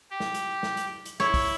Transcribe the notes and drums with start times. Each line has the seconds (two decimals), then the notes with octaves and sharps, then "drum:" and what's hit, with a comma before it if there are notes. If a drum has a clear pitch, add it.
0.11 G4
0.20 drum: snare
0.34 drum: hi-hat
0.63 drum: snare
0.77 drum: hi-hat
1.05 drum: hi-hat
1.20 E4 C#5, drum: snare
1.34 drum: kick, open hi-hat